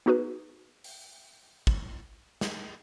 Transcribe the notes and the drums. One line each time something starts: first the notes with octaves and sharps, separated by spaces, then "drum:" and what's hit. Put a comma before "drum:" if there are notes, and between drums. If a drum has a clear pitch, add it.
B3 D#4 F#4 G#4 B4
drum: open hi-hat
drum: kick
drum: snare